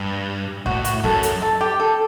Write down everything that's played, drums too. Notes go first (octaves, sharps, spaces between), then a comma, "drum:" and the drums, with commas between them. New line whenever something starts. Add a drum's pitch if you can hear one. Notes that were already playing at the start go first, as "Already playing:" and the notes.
Already playing: G2
A2 F#4, drum: kick
F#4, drum: hi-hat
F#2 A4, drum: kick
drum: hi-hat
A4
G4
A4